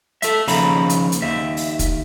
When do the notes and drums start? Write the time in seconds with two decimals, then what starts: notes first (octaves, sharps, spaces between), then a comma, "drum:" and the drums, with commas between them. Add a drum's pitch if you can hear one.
0.22 A4 E5, drum: hi-hat
0.48 D#2 C#3 F3 A#5 B5, drum: open hi-hat
0.90 drum: hi-hat
1.12 drum: hi-hat
1.22 D#2 E5
1.57 drum: open hi-hat
1.79 drum: kick, hi-hat